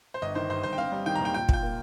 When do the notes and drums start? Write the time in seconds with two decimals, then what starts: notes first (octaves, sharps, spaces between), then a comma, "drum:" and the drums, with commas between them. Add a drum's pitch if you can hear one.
0.14 C5
0.22 G1 D#5
0.35 D#3 C5
0.49 G2 C5
0.63 G1 C5
0.73 G5
0.78 C4 F5
0.92 G3
1.06 D#3 G5
1.16 A#5
1.20 D#2 G5
1.34 A#2 G5
1.49 F4 G5, drum: kick
1.62 A#3